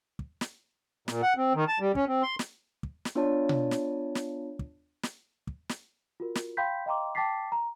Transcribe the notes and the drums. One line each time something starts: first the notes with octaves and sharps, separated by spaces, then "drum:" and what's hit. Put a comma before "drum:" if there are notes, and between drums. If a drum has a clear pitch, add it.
drum: kick
drum: snare
A#2, drum: snare
F#5
C4
D#3
A5
G3
C#4, drum: kick
C4
C6
drum: snare
drum: kick
drum: snare
B3 D4 F4 C#5 D5 A5
drum: tom B2
drum: snare
drum: snare
drum: kick
drum: snare
drum: kick
drum: snare
F4 F#4 A#4
drum: snare
F5 G5 B5 C6 G6 B6
D#5 F5 G5 A#5 C6 D6
G5 A5 D6 A6 B6 C7
A#5